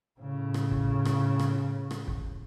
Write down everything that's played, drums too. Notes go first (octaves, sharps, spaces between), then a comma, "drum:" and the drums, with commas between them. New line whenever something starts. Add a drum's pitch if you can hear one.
A2 C#3
drum: rim click
drum: kick
drum: rim click
drum: rim click
drum: rim click
drum: kick